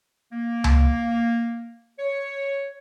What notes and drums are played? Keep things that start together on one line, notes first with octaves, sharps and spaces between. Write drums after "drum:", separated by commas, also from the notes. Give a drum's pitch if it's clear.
A#3
drum: tom C#2
C#5